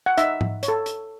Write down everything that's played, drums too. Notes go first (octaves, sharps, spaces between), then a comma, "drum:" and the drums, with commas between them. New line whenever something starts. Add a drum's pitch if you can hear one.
F#5
D#4 E5, drum: hi-hat
drum: tom G#2
C#5, drum: hi-hat
A4
drum: hi-hat